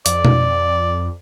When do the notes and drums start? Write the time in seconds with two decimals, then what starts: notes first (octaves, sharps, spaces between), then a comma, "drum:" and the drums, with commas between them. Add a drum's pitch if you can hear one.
0.06 F2 D5, drum: hi-hat
0.25 drum: tom B2